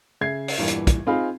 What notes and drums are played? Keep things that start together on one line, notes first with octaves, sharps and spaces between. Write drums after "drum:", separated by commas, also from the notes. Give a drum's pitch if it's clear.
C#3 E5 G#6 C7
drum: open hi-hat
E2 G2 A#2 E3
drum: hi-hat
drum: kick, hi-hat
C4 D#4 F4 G#4 F5 B5